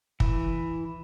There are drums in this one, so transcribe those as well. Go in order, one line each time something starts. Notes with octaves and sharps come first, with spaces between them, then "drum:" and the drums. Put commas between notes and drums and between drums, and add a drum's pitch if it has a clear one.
E3, drum: kick